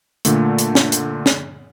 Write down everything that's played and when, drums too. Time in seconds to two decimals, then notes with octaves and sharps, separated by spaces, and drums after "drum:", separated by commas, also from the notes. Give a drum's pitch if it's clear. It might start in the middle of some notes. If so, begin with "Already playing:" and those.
0.25 A#2 D3 A3, drum: hi-hat
0.58 drum: hi-hat
0.75 drum: snare
0.92 drum: hi-hat
1.26 drum: snare